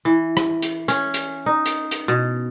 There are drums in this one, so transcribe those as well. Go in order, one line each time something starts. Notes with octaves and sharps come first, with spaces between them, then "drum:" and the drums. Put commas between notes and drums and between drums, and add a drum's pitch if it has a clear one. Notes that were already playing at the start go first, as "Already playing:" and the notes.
E3
drum: rim click
drum: hi-hat
C#4, drum: hi-hat
drum: hi-hat
D#4
drum: hi-hat
drum: hi-hat
B2